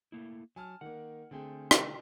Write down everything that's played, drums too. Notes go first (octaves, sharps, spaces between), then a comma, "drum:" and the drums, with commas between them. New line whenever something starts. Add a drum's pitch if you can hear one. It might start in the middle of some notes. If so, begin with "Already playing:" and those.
A3 A#3 E4
F#3 G#5 A5 F6
D#3 A#3 F#5
D3 A3 C4 G#4 G5
drum: rim click